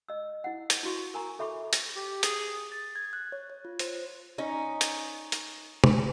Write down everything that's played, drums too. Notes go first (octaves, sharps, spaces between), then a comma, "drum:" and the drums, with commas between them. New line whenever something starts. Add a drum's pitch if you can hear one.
D#5 E6
E4 F#5
drum: hi-hat
E4 F#4 C#6
A#4 G#5 A#5 C#6
A4 E5 B5 C#6 D6
drum: hi-hat
G4
G#4, drum: hi-hat
A6
G#6
F#6
C#5
C#5
F4
C5, drum: hi-hat
C#4 D#4
drum: hi-hat
drum: hi-hat
drum: tom